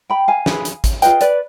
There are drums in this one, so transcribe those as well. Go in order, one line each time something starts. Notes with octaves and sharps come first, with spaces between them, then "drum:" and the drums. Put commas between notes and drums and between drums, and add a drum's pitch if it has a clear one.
G5 B5
F5 G#5
D4, drum: snare
G#4 B4
drum: hi-hat
drum: kick, hi-hat
F4 G#4 B4 D#5 G5, drum: hi-hat
B4 D5, drum: hi-hat